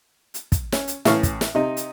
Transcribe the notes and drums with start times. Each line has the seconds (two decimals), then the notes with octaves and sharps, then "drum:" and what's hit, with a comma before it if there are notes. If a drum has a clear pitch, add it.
0.34 drum: hi-hat
0.52 drum: kick, hi-hat
0.72 C#4, drum: snare
0.88 drum: hi-hat
1.05 A2 E3 C#4 F5 C#6, drum: snare
1.23 drum: kick, hi-hat
1.41 drum: snare
1.55 C3 D#4
1.77 drum: hi-hat